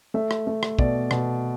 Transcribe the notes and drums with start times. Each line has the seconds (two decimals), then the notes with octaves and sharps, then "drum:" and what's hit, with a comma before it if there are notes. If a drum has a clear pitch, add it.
0.14 A3 E5
0.31 drum: rim click
0.47 A3
0.63 drum: rim click
0.79 B2 D5, drum: kick
1.11 B2, drum: rim click